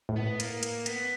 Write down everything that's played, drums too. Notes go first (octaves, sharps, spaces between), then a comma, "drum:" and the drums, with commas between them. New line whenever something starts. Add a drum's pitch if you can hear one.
A2
B3
A#3, drum: hi-hat
drum: hi-hat
B3, drum: hi-hat